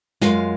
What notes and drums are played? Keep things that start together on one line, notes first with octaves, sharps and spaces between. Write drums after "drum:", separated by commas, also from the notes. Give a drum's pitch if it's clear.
F#2 F3 G#3 F4 F5, drum: snare